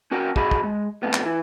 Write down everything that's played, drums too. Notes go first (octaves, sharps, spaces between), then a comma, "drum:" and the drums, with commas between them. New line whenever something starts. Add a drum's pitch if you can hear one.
C#4 F#4 A#4 G5
B1 F#4 G#4 D#5 B5, drum: kick
drum: kick
G#3
B1 F2 A2 B3
drum: clap
E3 E4